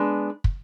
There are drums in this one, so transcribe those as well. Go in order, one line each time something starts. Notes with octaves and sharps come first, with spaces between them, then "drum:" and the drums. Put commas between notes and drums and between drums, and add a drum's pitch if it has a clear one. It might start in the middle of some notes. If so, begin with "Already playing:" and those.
Already playing: G#3 B3 D4
drum: kick